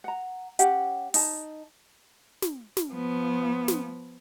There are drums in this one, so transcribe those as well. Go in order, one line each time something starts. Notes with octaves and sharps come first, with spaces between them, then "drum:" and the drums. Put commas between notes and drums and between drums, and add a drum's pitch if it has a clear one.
F#5 A#5
C#4 G4 F#5, drum: hi-hat
D#4 A5, drum: open hi-hat
drum: snare
drum: snare
F3 B3
drum: snare